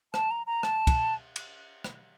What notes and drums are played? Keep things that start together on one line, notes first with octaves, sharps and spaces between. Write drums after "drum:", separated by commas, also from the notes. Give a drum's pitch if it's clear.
A5, drum: rim click
A#5
A#5
A5, drum: rim click
drum: kick, cymbal
drum: cymbal
drum: rim click